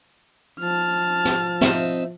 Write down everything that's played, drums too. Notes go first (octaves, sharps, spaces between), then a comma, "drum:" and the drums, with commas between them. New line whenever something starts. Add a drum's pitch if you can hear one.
F3 A5 F6
drum: snare
C4 D#4 E5, drum: snare